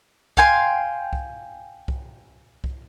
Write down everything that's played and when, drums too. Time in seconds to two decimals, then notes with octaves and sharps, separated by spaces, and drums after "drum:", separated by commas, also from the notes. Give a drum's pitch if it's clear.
0.37 F5 G5 G#5 C6, drum: kick C2
1.13 drum: kick C2
1.88 drum: kick C2
2.64 drum: kick C2